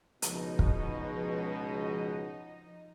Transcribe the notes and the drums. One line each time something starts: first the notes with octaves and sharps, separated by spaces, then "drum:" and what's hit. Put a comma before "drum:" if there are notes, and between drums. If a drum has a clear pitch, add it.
C#2 B2 F3 D#4 D#5, drum: hi-hat
drum: kick